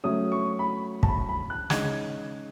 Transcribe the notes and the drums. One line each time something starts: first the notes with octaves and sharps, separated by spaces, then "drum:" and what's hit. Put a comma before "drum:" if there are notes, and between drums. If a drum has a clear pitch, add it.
F#3 A3 C#4 D#6
C#6
B5
A5, drum: kick
B5
B5
F#6
C#3 G#3 D#4 G#6, drum: snare